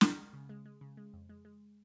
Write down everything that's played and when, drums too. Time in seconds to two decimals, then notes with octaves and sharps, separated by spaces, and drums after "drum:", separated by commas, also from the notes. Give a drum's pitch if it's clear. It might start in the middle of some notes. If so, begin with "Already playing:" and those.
0.01 G#3, drum: snare
0.17 G#3
0.33 C#3
0.49 G#3
0.65 G#3
0.81 C#3
0.97 G#3
1.13 F2
1.29 G#3
1.45 G#3